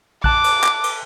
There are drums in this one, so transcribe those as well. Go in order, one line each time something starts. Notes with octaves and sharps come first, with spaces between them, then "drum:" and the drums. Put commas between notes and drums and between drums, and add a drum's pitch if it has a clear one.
A5 D6 F#6, drum: kick A#1
drum: cymbal
drum: clap
drum: cymbal